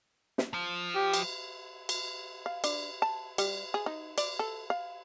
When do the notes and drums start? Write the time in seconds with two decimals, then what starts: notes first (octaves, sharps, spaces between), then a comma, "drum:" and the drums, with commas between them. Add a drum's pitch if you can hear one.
0.38 drum: snare
0.54 F3
0.95 G4
1.14 drum: cymbal
1.89 drum: cymbal
2.46 F5
2.64 D4, drum: cymbal
3.02 A5
3.38 G3, drum: cymbal
3.74 G#4
3.86 D#4
4.18 D5, drum: cymbal
4.39 A4
4.70 F5